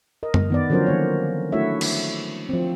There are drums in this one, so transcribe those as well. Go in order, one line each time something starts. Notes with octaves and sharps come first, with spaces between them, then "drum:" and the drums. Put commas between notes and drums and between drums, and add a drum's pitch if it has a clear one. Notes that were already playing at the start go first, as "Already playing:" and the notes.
A#4 D#5
drum: tom F#2
D#3 B3 D5
D3 F3 F#3 C#4 A#4 C5
D#3 A#3 C#5
A3 D4 E4 F#4 C#5 E5
drum: cymbal
F3 C4